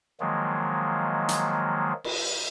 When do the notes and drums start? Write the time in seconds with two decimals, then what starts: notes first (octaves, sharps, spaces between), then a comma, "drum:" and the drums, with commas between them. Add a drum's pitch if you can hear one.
0.20 D#3 F3 F#3 G#3 A#3
1.29 drum: hi-hat
2.04 drum: cymbal